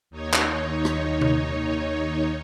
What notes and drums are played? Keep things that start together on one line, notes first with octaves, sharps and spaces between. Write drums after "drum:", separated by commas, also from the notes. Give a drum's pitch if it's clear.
D#2 D#4 C#5
drum: clap
drum: rim click
drum: tom C3